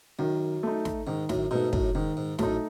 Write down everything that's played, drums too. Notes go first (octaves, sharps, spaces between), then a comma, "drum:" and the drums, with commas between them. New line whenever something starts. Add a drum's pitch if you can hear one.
F#2 D#3
A3 D#4
drum: snare
G#2 D#3
F#2 A2, drum: snare
G#2 B2 A3 D#4
F#2 A2, drum: kick
G#2 D#3
G#2
F#2 A2 A3 D#4, drum: snare